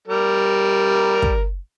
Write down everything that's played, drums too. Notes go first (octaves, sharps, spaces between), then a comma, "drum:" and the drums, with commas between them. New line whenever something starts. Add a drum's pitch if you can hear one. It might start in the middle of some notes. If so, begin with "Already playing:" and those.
G3 A#4
drum: kick